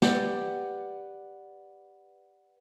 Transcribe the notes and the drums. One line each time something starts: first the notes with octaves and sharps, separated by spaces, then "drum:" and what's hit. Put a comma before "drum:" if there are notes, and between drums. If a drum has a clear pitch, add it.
G4 B4 D5 F#5, drum: snare